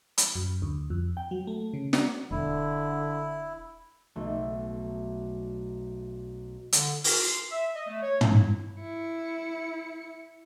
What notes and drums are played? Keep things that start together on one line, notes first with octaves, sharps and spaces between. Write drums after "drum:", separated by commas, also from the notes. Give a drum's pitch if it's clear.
B5, drum: hi-hat
F#2
D2
F2
G5
F#3
A3
C#3
D4, drum: snare
E1 D3 E4
B1 A3
D3, drum: hi-hat
A#4, drum: open hi-hat
C6
E5
D#5
A3
C#5
F#3, drum: tom
E4
E4 C#7